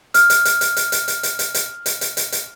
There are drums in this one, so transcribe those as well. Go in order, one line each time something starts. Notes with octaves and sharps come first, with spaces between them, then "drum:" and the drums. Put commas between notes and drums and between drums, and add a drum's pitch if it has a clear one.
F6, drum: hi-hat
drum: hi-hat
drum: hi-hat
drum: hi-hat
drum: hi-hat
drum: hi-hat
drum: hi-hat
drum: hi-hat
drum: hi-hat
drum: hi-hat
drum: hi-hat
drum: hi-hat
drum: hi-hat
drum: hi-hat